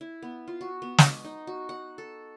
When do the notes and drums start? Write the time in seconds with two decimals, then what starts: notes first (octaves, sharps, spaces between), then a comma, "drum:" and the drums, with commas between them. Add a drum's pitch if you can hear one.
0.01 E4
0.22 B3
0.48 F4
0.61 F#4
0.82 B3
0.98 D#5, drum: snare
1.24 D#4
1.47 F#4
1.69 F#5
1.98 A4